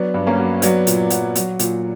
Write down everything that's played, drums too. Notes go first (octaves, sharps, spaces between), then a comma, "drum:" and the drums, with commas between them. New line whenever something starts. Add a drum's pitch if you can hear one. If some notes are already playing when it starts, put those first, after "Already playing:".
Already playing: F#3 B3 D4
G2
A#3 C#4
F#3
F#3 B3 D4, drum: hi-hat
A#2, drum: hi-hat
F#3, drum: hi-hat
F#3, drum: hi-hat
A#2, drum: hi-hat